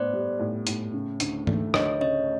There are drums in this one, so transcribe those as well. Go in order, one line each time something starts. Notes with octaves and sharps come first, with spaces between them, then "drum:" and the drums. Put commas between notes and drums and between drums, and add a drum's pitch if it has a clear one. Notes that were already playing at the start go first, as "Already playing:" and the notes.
Already playing: A2 B3 C5 D5
G3
A2
A2, drum: hi-hat
C#3
D2, drum: hi-hat
A3, drum: tom
D2 C#5 D#5, drum: rim click
C#3 C#5 D#5